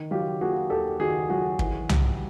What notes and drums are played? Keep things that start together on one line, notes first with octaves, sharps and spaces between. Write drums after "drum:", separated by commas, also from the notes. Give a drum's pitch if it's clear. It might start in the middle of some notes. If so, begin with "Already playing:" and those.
Already playing: D#3
F#3 F4 G4
A#3 F#4 G#4
D#2 G4 A4
D#3 F#4 G#4
F#3 F#4 G#4
E3, drum: kick
G3, drum: tom C2